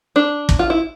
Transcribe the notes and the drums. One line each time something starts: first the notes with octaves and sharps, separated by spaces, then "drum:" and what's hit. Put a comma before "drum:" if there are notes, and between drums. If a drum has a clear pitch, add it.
D4
drum: kick
F4
E4